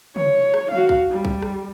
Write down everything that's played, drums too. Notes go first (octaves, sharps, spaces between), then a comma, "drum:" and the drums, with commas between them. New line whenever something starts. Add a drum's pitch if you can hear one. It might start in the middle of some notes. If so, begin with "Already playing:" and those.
C#5, drum: tom
drum: rim click
F#4 F5, drum: tom
drum: kick
G3
drum: kick
drum: rim click